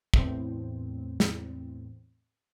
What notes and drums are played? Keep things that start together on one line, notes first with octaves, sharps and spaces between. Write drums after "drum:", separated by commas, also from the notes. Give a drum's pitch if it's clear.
E2 A2 C4, drum: kick
drum: snare